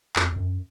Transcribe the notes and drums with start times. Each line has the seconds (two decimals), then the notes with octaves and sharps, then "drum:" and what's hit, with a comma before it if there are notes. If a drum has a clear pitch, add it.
0.16 F2, drum: clap
0.32 F2
0.36 F#2